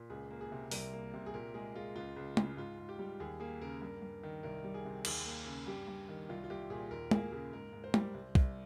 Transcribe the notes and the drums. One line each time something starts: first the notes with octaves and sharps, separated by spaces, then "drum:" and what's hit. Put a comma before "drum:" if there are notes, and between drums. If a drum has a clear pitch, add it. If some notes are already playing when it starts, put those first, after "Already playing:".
Already playing: A#2
C#2 G#4
A#3
G#4
C3
C2 A#4, drum: open hi-hat
A#3
C3
G#4
A#2 A#4
G#3 G#4
G#3 F4
C#2 F4
C#2
C#3, drum: tom
G#2 F4
G#2
G4
G3
D#2 G#4
A#3 G#4
C#3 A#4
G2 A#4
G2
D#3
C2 A#4
G3
G#4
C3
D#2 G#4, drum: cymbal
A#3
C#3
G2 G4
G2
D#3
C2 F4
F4
C2 G4
A#2 G#4
D#2 A#4
A#3 G#4, drum: tom
C#3 G#4
G#2 A#4
G#2
C5
G3, drum: tom
C2
C2, drum: kick